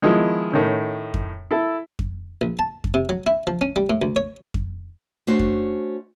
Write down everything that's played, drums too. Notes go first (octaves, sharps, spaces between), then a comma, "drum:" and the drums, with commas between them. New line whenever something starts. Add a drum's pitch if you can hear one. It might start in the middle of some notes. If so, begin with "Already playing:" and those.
D#3 F3 G#3 B3 E4
A2 D#3 C#4
drum: kick F2
E4 A4 E5
drum: kick F2
A#1
A5
drum: kick F2
C3
F#3
E4
F3
C#4
G3
A2
D2
C#5
drum: kick F2
A3 C#4 D4 F#4 C5
drum: kick F2